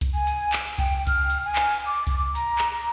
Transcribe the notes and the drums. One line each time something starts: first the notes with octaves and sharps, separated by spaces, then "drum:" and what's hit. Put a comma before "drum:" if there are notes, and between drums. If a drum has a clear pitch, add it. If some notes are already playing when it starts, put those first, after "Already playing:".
drum: kick C2, hi-hat
G#5
drum: hi-hat
drum: clap
G5, drum: kick C2, open hi-hat
F6, drum: kick C2, hi-hat
drum: hi-hat
G#5
drum: clap
D6
drum: kick C2, hi-hat
A#5, drum: hi-hat
drum: clap